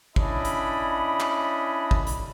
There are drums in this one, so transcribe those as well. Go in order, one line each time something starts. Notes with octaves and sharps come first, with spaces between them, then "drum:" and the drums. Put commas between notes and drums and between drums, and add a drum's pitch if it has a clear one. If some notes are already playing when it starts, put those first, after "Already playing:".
C#4 D4 E4 D#5 B5, drum: kick
drum: hi-hat
drum: clap
drum: kick
drum: hi-hat